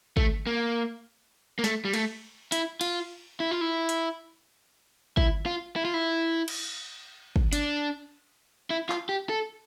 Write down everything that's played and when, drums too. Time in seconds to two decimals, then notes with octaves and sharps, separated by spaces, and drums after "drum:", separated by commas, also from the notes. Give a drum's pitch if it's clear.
0.17 A3, drum: kick
0.47 A#3
1.59 A#3
1.64 A3, drum: snare
1.85 G3
1.94 A3, drum: cymbal
2.52 E4, drum: hi-hat
2.81 F4, drum: cymbal
3.40 E4
3.51 F4
3.61 E4
3.89 drum: hi-hat
5.17 E4, drum: kick
5.46 F4
5.76 E4
5.85 F4
5.94 E4
6.48 drum: cymbal
7.36 drum: kick
7.53 D4, drum: hi-hat
8.70 E4
8.89 F4, drum: clap
9.09 G4
9.29 A4